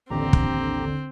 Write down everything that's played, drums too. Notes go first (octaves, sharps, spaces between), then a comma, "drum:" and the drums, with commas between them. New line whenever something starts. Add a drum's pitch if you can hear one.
A1 D#2 D3 C4 G4 A#5
drum: kick